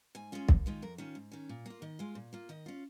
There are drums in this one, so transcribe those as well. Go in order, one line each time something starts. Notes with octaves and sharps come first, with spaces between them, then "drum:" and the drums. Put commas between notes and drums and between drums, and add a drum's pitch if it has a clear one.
G#2 G#5
G#3 C#4 F4
D#2, drum: kick
D#3 G#3 F4
F2 A#4
D#3 C#4 F4
G#2
D#3 C#4
A#2
A#3 F4
D#3 D#5
G#3 F4
A#2
A#3 F4
D#3 D#5
C#4 F4